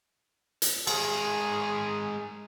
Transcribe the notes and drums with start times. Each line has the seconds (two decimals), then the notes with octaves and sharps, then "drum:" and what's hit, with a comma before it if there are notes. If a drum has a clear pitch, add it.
0.62 drum: hi-hat
0.87 G#3 G#4 A#4, drum: cymbal